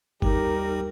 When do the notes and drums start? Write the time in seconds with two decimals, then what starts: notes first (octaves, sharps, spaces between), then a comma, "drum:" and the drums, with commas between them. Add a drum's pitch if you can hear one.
0.22 D#2 G3 D#4 G4 A#4, drum: kick